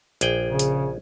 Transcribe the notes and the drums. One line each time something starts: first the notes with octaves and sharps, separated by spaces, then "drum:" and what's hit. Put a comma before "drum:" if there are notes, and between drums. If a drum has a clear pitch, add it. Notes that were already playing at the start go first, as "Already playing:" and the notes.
A#1 G#4 G5, drum: hi-hat
C#3
drum: hi-hat